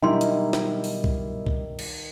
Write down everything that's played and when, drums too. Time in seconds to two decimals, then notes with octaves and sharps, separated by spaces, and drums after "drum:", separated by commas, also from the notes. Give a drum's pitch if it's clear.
0.03 B2 D#3 F#3 G3 D4 E4 C6
0.21 drum: hi-hat
0.53 drum: snare
0.84 drum: open hi-hat
1.04 drum: kick C2
1.46 drum: kick C2
1.79 drum: cymbal